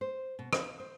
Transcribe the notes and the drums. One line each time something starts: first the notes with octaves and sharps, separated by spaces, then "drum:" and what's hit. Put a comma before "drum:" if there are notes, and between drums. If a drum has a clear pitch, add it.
C5
B2
F5, drum: rim click
C5